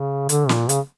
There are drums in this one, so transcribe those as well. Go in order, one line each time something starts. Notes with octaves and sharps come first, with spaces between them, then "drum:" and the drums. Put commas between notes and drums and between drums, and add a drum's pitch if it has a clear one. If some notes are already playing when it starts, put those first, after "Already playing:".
Already playing: C#3
D3, drum: hi-hat
A#2, drum: snare
C#3, drum: hi-hat